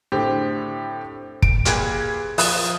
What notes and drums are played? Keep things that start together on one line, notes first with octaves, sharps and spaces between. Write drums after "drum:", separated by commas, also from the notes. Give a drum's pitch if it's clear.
A2 D3 C4 G4
D7, drum: kick
A#2 G4 G#4 B4 G#6, drum: hi-hat
F3 F4 D#6 F#6, drum: open hi-hat